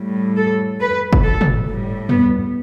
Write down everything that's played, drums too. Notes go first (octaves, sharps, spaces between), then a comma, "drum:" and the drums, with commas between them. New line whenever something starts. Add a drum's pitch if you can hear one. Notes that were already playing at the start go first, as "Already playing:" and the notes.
Already playing: A2 G3
A4
B4
drum: kick
A4
drum: tom
A2 G3
B3, drum: tom